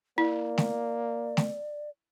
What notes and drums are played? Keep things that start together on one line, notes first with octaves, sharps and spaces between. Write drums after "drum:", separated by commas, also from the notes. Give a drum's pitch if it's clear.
A#3 E4 D5
drum: snare A3
drum: snare A3